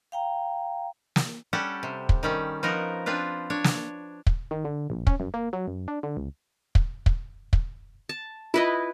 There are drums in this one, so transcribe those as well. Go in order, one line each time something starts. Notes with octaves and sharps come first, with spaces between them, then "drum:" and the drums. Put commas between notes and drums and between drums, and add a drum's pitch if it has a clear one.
F5 G5 A#5
drum: snare
G3 C#4 G4 A4 F#5
C3
drum: kick
D#3 G3 C#4
F3 B3 D#4 A#4
C4 D4 F4 B4
D4 C#5
drum: snare
drum: kick
D#3
D3
A#1
C#4, drum: kick
F#2
A#3
F#3
F#2
D4
D3
C#2
drum: kick
drum: kick
drum: kick
A5
E4 F4 B4 D#5